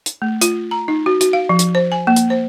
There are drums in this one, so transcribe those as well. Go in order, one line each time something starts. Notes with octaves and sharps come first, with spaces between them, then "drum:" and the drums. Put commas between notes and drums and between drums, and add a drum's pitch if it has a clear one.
drum: hi-hat
A3
F4, drum: hi-hat
A#5
D#4
F#4
F#4, drum: hi-hat
F5
F3
drum: hi-hat
C5
G#5
A#3
drum: hi-hat
C5